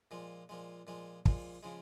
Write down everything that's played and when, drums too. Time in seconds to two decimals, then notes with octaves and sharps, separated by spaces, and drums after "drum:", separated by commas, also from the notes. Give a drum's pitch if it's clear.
0.11 A#2 F3 G#3
0.49 A#2 F3 G#3
0.87 A#2 F3 G#3
1.25 A#2 F3 G#3, drum: kick
1.63 C#3 F3 G#3